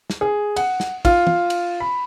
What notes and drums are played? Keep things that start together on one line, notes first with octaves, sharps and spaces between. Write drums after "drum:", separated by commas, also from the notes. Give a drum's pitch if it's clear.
drum: snare
G#4
F#5, drum: cymbal
drum: snare
F4, drum: kick, cymbal
drum: tom
drum: cymbal
B5